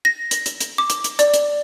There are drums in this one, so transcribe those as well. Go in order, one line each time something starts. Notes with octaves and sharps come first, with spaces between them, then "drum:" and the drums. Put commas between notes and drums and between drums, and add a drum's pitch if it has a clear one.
A#6
drum: hi-hat
drum: hi-hat
drum: hi-hat
D6
drum: hi-hat
drum: hi-hat
D5, drum: hi-hat
drum: hi-hat